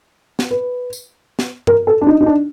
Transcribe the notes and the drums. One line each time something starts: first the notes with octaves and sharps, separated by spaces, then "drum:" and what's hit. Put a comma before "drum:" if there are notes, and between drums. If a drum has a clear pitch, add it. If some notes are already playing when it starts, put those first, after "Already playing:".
drum: snare
B4
drum: tambourine
drum: snare
A#4, drum: tom
A4
D4
D#4
D#4
D4